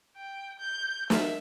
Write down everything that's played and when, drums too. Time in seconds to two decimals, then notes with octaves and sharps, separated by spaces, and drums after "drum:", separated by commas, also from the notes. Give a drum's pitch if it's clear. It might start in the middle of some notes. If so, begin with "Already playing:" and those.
0.16 G5
0.59 G6
1.10 E5, drum: snare